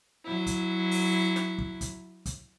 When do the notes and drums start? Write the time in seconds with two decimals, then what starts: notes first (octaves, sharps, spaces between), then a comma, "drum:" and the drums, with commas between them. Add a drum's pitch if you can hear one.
0.24 F#3 E4
0.47 drum: kick, hi-hat
0.91 drum: open hi-hat
1.36 drum: snare
1.58 drum: kick
1.81 drum: kick, hi-hat
2.26 drum: kick, hi-hat